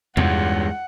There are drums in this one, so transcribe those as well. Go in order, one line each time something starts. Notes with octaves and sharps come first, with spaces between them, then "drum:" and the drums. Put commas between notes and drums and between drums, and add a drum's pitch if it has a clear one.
E2 G2 G#3 F4 F#5, drum: tom E2